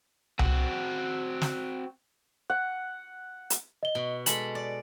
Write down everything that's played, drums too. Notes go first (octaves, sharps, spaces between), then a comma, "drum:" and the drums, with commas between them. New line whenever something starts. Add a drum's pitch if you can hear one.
C4 F#4, drum: tom C2
drum: snare
F#5
drum: hi-hat
D#5 G7
B2
G#3 A4 B5 F#7, drum: hi-hat
D5